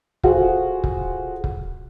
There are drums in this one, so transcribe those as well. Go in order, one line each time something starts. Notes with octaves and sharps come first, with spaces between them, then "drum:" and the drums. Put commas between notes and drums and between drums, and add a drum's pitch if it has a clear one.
F4 F#4 G#4 A4 C5, drum: kick
drum: kick
drum: kick